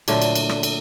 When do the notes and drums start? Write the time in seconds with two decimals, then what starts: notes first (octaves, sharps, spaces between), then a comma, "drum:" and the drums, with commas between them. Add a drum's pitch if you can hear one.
0.08 A#2 D3 F#3 A3, drum: cymbal
0.22 drum: cymbal
0.35 drum: cymbal
0.49 drum: rim click
0.63 drum: cymbal